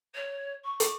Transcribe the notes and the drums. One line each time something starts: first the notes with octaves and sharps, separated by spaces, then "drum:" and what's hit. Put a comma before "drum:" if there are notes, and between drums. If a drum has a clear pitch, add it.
C#5
C#6
drum: hi-hat